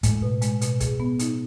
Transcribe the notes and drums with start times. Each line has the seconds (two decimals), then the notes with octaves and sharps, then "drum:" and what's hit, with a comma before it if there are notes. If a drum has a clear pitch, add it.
0.03 A2 G#3, drum: kick, hi-hat
0.22 B2
0.42 G#3, drum: hi-hat
0.61 B2, drum: hi-hat
0.80 G#4, drum: kick, hi-hat
1.00 B3
1.19 D#4, drum: hi-hat